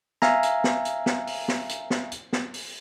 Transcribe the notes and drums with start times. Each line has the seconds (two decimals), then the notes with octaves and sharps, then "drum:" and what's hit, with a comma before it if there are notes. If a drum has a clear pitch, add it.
0.22 E5 F5 G#5 A#5, drum: snare
0.43 drum: hi-hat
0.64 drum: snare
0.85 drum: hi-hat
1.06 drum: snare
1.27 drum: open hi-hat
1.48 drum: snare
1.69 drum: hi-hat
1.90 drum: snare
2.12 drum: hi-hat
2.33 drum: snare
2.54 drum: open hi-hat